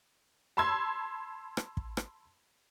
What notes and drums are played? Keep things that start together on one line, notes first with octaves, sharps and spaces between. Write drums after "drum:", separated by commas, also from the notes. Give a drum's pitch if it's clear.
A5 B5 C6 E6 G#6
drum: rim click
drum: kick
drum: rim click